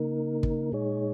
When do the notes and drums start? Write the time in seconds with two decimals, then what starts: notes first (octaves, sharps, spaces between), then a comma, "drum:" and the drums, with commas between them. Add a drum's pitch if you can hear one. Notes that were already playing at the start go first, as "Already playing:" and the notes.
Already playing: C#3 A#3 D#4 A#4
0.43 drum: kick
0.72 A#2 G#3 D#4 G#4 C#5